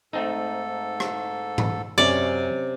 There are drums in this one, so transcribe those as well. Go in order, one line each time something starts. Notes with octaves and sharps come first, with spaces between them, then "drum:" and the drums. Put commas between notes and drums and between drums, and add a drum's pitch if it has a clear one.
G#2 A3 C4 D#4 A4
drum: rim click
drum: tom G#2
F#2 C3 C#4 C#5 D5